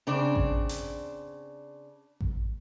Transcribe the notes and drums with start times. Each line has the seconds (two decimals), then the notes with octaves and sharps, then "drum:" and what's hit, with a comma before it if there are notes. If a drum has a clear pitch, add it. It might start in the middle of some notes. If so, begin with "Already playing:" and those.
0.07 C#3 C4 D4
0.35 drum: kick A1
0.69 drum: hi-hat
2.21 drum: kick A1